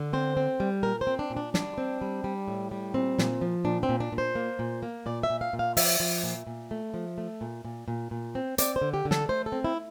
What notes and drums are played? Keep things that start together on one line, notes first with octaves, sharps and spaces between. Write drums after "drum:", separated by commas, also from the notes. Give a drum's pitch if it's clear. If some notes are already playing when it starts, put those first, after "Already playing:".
Already playing: D3
C4 C5
C4
G3
A#2 A#4
C5
C4
D4
A#2
D4
G3 D4, drum: snare
C4
G3
G3
A2
G3
A#2 C4
A#2, drum: snare
F3
A#2 D4
C4
A#2
D4
A#2
C5
A#3
A#2
A#3
A#2 D5
E5
A#2
F5
A#2
F5
F3 E5, drum: open hi-hat
F3
A#2
A#2
A3
F3
A3
A#2
A#2
A#2
A#2
C4
C4 D5, drum: hi-hat
C5
D3
G4
D3
A4, drum: snare
A3 C5
A4
C4
E4